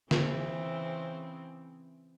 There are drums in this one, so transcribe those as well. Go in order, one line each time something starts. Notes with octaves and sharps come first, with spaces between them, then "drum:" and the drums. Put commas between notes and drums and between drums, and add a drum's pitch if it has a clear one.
C#3 E3 C4, drum: snare